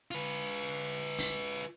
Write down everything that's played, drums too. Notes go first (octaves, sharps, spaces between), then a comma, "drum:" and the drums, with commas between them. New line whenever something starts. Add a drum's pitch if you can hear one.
F4 B4
drum: open hi-hat